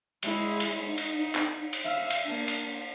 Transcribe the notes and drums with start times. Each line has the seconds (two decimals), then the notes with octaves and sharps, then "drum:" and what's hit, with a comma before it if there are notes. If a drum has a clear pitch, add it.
0.23 G#3 E4, drum: cymbal
0.60 drum: cymbal
0.86 D#4
0.98 drum: cymbal
1.35 drum: clap
1.73 drum: cymbal
1.84 E5 F5
2.10 drum: cymbal
2.23 A#3 D4
2.48 drum: cymbal